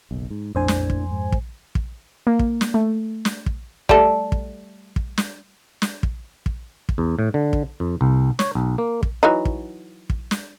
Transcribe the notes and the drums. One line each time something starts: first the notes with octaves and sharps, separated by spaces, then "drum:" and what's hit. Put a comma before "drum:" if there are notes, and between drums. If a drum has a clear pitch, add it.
F#1 B1
G#2
A#1 F2 A2 D4 C5 G#5
drum: snare
drum: kick
G#2
drum: kick
drum: kick
A#3
drum: kick
drum: snare
A3
drum: snare
drum: kick
G3 A3 A4, drum: kick
drum: kick
drum: kick
drum: snare
drum: snare
drum: kick
drum: kick
drum: kick
E2
A2
D3
drum: kick
F2
C2
C#5, drum: snare
B1
A#3
drum: kick
E3 F#3 D#4
drum: kick
drum: kick
drum: snare